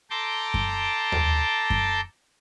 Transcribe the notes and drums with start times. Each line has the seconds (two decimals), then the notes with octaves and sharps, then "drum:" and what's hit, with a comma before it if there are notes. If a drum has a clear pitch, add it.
0.10 A4 G5 A5 A#5 C6 D6
0.54 drum: kick F#2
1.12 drum: tom D#2
1.70 drum: kick F#2